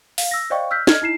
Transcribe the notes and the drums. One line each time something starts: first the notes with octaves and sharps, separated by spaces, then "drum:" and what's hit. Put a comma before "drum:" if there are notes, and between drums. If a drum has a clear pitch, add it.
F5, drum: open hi-hat
E6 A#6
C5 D5 D#5 F5 G5 C#6
E6 F6 G6 B6
D#5 F6 G#6, drum: snare
D#4 E4 C7 E7